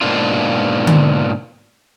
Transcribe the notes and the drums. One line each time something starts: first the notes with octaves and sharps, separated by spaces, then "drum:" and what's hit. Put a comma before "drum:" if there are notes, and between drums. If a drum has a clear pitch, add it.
G#2 B2 A#3 D4 F4
drum: tom D3